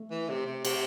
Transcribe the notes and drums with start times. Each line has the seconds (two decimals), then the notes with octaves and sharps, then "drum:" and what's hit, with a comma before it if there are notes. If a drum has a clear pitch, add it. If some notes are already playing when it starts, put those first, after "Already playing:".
Already playing: A3
0.11 E3
0.29 C3
0.46 C3
0.65 C3, drum: cymbal